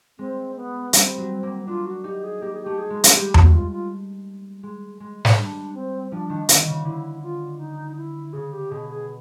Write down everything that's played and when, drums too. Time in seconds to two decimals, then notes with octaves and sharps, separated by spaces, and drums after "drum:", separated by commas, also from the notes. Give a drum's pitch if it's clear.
0.19 G#3 C4
0.57 B3
0.93 G3 C4, drum: hi-hat
1.18 F#3
1.43 A#3
1.67 D4 F4
1.86 F#4
2.04 D#4 G4
2.23 G#4
2.42 A#3 G4
2.53 G#4
2.62 A3 G4
2.78 G#4
2.90 G#3
3.04 G#3, drum: hi-hat
3.15 G3 G4
3.34 F#4, drum: tom E2
3.53 F4
3.71 F4
4.63 G#3
5.00 G#3
5.25 drum: snare
5.37 G3 D4
5.74 C4
6.12 F3 D4
6.30 D#3
6.49 D3, drum: hi-hat
6.67 C#3
6.85 D3 E4
7.23 F4
7.59 D#4
7.97 E4
8.33 C#3 G#4
8.53 G4
8.71 B2 G#4
8.89 G#4